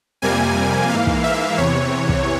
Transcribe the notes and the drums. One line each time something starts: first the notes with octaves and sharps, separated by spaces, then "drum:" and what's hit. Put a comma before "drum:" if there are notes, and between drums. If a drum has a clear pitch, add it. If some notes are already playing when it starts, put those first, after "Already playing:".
F2 C3 G3 A#3 G#5
G#2 E3 A#3 F5
drum: kick
E5
E2 C3 E3 C#5
drum: kick